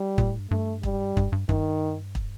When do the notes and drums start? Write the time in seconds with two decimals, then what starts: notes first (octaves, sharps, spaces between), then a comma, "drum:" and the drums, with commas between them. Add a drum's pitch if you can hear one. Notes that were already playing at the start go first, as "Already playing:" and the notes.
Already playing: G3
0.18 A#2, drum: kick
0.28 A2
0.39 G2
0.50 G2 A3
0.83 G3, drum: kick
1.17 G2, drum: kick
1.32 G2
1.49 G2 D#3, drum: kick
2.15 drum: kick